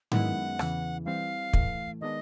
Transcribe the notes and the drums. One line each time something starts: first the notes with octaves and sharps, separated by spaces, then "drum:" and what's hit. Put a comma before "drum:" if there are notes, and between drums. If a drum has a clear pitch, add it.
F#2 D#3 G#3 B3 E4 F#5, drum: tom G#2
E2 C#3 E3, drum: rim click
E3 G3 C4 F5
A2 E3 A3, drum: kick
D#3 G#3 B3 D4 D#5